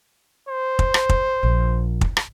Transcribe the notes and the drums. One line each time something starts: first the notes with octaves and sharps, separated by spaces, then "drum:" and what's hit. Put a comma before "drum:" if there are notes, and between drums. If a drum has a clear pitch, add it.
C5
drum: kick
drum: rim click
drum: kick
A#1
drum: kick
drum: rim click